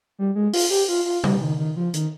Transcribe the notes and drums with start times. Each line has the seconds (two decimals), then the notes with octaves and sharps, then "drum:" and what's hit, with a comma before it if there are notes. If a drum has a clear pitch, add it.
0.19 G3
0.35 G#3
0.53 F4, drum: open hi-hat
0.71 G4
0.88 F4
1.05 F4
1.24 G3, drum: tom C3
1.41 D#3
1.58 D#3
1.77 F3
1.94 D#3, drum: hi-hat